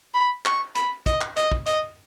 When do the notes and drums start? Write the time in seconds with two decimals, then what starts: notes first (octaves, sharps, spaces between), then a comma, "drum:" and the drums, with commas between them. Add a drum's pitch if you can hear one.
0.14 B5
0.46 C#6, drum: clap
0.75 B5, drum: hi-hat
1.06 D#5, drum: kick, hi-hat
1.21 drum: clap
1.36 D#5, drum: hi-hat
1.52 drum: kick
1.66 D#5, drum: hi-hat